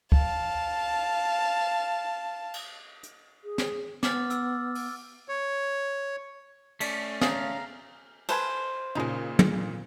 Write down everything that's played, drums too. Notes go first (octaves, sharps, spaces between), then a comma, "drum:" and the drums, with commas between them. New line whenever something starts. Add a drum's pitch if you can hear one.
F5 A5, drum: kick
drum: cymbal
drum: hi-hat
G#4
drum: snare
B3 D6 F6 A6, drum: snare
E6, drum: hi-hat
drum: open hi-hat
C#5
A3 C#4 D5, drum: cymbal
C#3 F5 A#5, drum: snare
A4 B4 C5 G#5, drum: cymbal
A#2 C#3 G#3 D#4
drum: tom